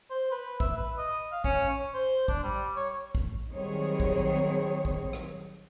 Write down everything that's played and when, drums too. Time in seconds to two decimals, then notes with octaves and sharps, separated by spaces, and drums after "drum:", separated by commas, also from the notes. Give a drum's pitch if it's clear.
0.10 C5
0.32 B4
0.60 E5, drum: kick
0.77 B4
0.98 D#5
1.32 F5
1.44 C#4, drum: kick
1.69 C#5
1.94 C5
2.28 D4, drum: kick
2.43 G3
2.76 C#5
3.15 drum: kick
3.51 D#3 F#3 G3 C4 G#4 C#5
4.00 drum: kick
4.85 drum: kick
5.13 drum: rim click